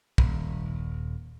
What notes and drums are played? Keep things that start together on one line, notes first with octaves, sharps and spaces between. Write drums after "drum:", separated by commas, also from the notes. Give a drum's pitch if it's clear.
D#1, drum: kick